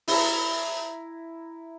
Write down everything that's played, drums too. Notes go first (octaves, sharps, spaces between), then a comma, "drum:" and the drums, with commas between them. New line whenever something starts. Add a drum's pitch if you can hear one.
E4 A#5, drum: open hi-hat